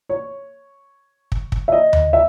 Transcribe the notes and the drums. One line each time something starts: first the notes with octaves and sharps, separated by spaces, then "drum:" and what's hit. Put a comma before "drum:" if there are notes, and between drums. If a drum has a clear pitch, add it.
C#5
drum: kick
drum: kick
E5
D#5
drum: tom D#2
E5